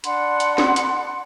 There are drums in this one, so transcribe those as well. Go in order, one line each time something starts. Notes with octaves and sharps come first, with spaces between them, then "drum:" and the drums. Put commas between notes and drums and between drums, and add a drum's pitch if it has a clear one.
D4 F#5 B5 C6, drum: hi-hat
drum: hi-hat
drum: snare
drum: hi-hat